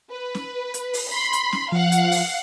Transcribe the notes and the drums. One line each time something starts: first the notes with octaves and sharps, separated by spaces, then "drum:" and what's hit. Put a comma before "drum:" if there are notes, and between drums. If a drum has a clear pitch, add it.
B4
drum: snare
drum: hi-hat
drum: open hi-hat
B5 C6
drum: hi-hat
drum: snare
F3 F5 F#5
drum: hi-hat
drum: open hi-hat